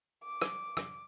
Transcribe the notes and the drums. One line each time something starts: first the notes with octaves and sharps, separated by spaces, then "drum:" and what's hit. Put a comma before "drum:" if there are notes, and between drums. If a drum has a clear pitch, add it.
D6
drum: rim click
drum: rim click